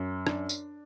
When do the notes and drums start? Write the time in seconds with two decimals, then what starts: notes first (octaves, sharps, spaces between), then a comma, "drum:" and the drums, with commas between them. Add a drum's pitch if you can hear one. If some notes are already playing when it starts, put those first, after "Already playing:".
Already playing: F#2
0.27 D4, drum: rim click
0.49 drum: tambourine